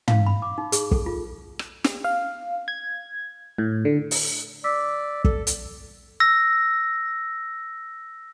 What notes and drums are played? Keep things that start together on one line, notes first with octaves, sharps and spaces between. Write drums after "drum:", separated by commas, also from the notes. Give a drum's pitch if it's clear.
F5, drum: tom
B5
D6
D#4
G#4, drum: hi-hat
A4, drum: kick
F4
drum: rim click
drum: snare
F5
G#6
A2
D3
drum: open hi-hat
D5 D6 E6 B6
A4, drum: kick
drum: hi-hat
E6 A#6